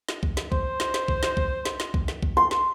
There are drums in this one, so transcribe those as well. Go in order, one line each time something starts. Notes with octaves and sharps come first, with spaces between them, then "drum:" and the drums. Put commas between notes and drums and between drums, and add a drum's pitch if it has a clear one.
drum: snare
drum: kick B1
drum: snare
C5, drum: kick B1
drum: snare
drum: snare
drum: kick B1
drum: snare
drum: kick B1
drum: snare
drum: snare
drum: kick B1
drum: snare
drum: kick B1
C6
drum: snare